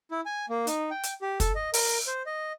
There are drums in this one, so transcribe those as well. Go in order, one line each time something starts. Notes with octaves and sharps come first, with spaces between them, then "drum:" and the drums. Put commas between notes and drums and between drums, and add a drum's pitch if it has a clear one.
E4
G#5
A#3
D#4, drum: hi-hat
G5
drum: hi-hat
G4
A4, drum: kick, hi-hat
D#5
A#4, drum: open hi-hat
C5
D#5